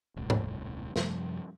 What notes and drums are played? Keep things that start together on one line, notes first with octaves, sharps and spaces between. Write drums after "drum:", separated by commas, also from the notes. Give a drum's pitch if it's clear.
D#1 C2 A2
drum: tom G#2
F#2 C3 F3 G3, drum: snare